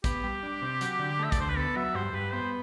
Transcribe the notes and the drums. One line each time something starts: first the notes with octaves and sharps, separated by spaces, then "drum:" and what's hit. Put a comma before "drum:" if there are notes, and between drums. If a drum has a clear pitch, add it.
B3 G4, drum: kick A1, hi-hat
G3
D4
C3
F#3, drum: hi-hat
D3
A3
E5
D5, drum: kick A1, hi-hat
D2 C5
B4
B3 A4
F#3 E5
G2 C5
G2 B4
B3 C5